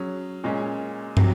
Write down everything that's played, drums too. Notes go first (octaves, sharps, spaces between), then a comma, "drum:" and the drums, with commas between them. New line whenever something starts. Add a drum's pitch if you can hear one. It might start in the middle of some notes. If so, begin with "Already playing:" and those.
Already playing: F#3 C#4 G#4
A#2 G#3 C#4
C3 F#3, drum: tom